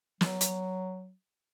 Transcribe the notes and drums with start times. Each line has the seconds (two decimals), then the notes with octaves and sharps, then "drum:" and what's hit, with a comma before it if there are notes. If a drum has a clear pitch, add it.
0.21 F#3, drum: snare
0.41 drum: hi-hat